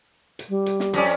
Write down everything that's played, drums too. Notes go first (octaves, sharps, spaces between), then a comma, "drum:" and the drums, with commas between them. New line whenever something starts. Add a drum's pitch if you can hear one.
drum: hi-hat
G3
drum: hi-hat
drum: snare
F2 C#4 D5, drum: hi-hat